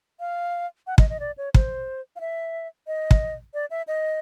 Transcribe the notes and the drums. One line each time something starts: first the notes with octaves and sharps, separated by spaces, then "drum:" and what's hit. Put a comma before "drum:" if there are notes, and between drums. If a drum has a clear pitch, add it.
F5
F#5
D#5, drum: kick
D#5
D5
C#5
C5, drum: kick
F5
E5
D#5
drum: kick
D5
E5
D#5